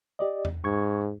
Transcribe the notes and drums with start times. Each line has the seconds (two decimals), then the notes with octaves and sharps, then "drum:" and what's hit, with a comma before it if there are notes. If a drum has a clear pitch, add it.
0.19 G4 D5 D#5
0.45 drum: tom E2
0.64 G#2 C#6 G#6